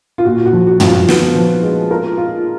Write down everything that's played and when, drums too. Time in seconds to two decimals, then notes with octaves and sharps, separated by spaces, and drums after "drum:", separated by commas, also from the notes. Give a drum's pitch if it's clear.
0.18 F4
0.25 A#2 F#4
0.46 F#4
0.53 F3
0.67 F#4
0.80 F3, drum: tom
0.87 F4
1.08 B3 F#4, drum: snare
1.36 F3
1.63 G#3
1.91 F4 A#4
2.17 F4